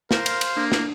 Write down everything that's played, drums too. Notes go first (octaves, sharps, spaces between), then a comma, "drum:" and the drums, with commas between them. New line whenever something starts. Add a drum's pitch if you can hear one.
A#4 C5 F5 C6 F6, drum: snare
drum: cymbal
drum: cymbal
A#3 D4
drum: snare